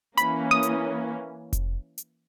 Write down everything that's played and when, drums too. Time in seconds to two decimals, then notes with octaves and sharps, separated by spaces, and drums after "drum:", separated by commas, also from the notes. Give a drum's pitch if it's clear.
0.17 E3 A#3 C#4 B5, drum: hi-hat
0.51 D#6
0.63 drum: hi-hat
1.53 drum: kick F1, hi-hat
1.98 drum: hi-hat